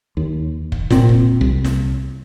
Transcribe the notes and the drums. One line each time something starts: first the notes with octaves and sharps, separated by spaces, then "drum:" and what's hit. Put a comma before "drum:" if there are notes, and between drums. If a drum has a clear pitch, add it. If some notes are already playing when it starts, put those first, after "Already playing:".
D#2
drum: kick
A#2 C4, drum: snare
drum: kick
C2
drum: snare